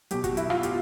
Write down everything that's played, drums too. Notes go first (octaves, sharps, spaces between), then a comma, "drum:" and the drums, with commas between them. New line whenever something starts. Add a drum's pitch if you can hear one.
B2 F#3 G4, drum: hi-hat
F#4, drum: kick, hi-hat
E4, drum: hi-hat
F4, drum: rim click
G4, drum: hi-hat